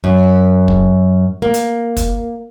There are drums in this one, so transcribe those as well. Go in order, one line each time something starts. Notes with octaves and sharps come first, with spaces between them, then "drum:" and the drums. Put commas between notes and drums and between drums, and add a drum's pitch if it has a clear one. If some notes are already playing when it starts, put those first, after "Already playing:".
F#2
drum: kick
A#3
drum: hi-hat
drum: kick, hi-hat